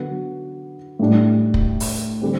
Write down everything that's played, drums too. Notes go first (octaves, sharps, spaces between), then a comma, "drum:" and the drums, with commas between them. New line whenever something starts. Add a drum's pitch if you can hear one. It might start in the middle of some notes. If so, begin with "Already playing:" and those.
Already playing: D3 F#3 B3 F#4
A2 G3 D4
drum: kick
drum: open hi-hat
D3 G3 C4